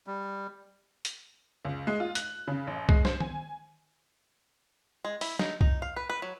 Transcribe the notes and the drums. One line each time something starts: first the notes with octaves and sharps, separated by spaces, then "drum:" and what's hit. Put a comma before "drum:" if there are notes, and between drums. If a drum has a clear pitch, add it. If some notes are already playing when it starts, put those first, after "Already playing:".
G3
drum: hi-hat
C#2
G#3
F4
F#6, drum: hi-hat
C#3
A1
G#3, drum: kick C2
C5, drum: snare
G#5, drum: tom D#3
G#3
E4, drum: open hi-hat
D#4, drum: snare
D#4, drum: kick C2
F5
B4
B4
F#3